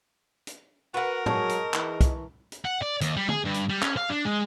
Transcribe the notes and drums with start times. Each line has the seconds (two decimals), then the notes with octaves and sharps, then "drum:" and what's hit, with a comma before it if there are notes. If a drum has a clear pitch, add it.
0.47 drum: hi-hat
0.94 F#4 A#4 B4 F#5
1.26 F#3 D#4 G#4 A5 C#6, drum: tom A2
1.49 drum: hi-hat
1.74 E3, drum: clap
2.01 drum: kick, hi-hat
2.52 drum: hi-hat
2.65 F#5
2.82 D5
3.01 D#2, drum: hi-hat
3.17 G3
3.29 G#4, drum: tom
3.44 G2
3.54 drum: hi-hat
3.69 G3
3.83 C#4, drum: clap
3.97 F5
4.10 D4
4.25 G#3